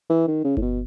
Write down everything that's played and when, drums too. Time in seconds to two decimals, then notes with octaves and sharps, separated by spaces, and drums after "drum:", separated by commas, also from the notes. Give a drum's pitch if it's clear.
0.09 E3
0.27 D#3
0.44 C#3
0.57 A2, drum: kick G1
0.62 B2